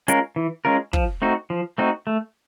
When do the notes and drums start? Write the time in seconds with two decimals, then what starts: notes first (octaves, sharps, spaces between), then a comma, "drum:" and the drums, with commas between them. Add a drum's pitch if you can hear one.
0.08 G#3 C#4 F4 A#4, drum: hi-hat
0.36 E3
0.65 G#3 C#4 F4 A#4
0.93 F3, drum: kick
1.22 A3 C4 D#4 F#4
1.50 F3
1.78 A3 C4 D#4 F#4
2.07 A3